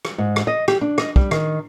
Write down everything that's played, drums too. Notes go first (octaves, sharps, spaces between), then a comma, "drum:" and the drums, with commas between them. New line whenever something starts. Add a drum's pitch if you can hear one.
drum: rim click
G#2
drum: rim click
D#5
G4, drum: rim click
D4
D#5, drum: rim click
G3, drum: kick
D#3, drum: rim click